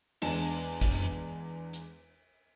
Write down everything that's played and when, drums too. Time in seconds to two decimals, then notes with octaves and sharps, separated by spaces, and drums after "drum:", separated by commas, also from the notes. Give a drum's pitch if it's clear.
0.22 E2 G#3 D4 A5 E7, drum: cymbal
0.81 drum: kick G#1
1.73 drum: hi-hat